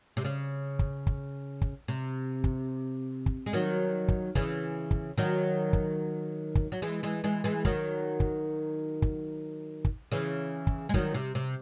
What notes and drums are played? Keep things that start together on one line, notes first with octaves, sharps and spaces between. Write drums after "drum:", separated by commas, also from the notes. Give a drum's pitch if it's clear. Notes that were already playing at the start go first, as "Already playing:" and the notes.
C3
C#3
drum: kick
drum: kick
drum: kick
C3
drum: kick
drum: kick
G#3
D#3 F#3
drum: kick
C#3 E3, drum: kick
drum: kick
D#3 F#3
drum: kick
drum: kick
F#3
E3 G#3
E3 G#3
E3 G#3
E3 G#3
D#3 F#3, drum: kick
drum: kick
drum: kick
drum: kick
C#3 E3
drum: kick
G#3
D#3 F#3, drum: kick
C3
C3